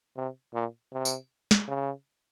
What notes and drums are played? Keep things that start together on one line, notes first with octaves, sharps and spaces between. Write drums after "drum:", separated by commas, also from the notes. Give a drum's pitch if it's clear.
C3
A#2
C3
drum: tambourine
drum: snare
C#3